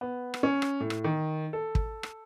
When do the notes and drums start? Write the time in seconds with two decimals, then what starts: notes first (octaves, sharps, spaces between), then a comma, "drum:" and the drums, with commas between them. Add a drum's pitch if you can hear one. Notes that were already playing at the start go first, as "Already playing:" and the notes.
0.01 B3
0.34 drum: rim click
0.43 C#4
0.62 drum: rim click
0.80 A2
0.90 drum: rim click
1.04 D#3
1.53 A4
1.75 drum: kick
2.03 drum: rim click